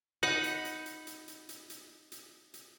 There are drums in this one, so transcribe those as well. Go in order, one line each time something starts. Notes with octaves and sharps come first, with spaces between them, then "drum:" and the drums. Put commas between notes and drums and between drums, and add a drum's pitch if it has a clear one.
D#4 F#5 B5
drum: hi-hat
drum: hi-hat
drum: hi-hat
drum: hi-hat
drum: hi-hat
drum: hi-hat
drum: hi-hat
drum: hi-hat
drum: hi-hat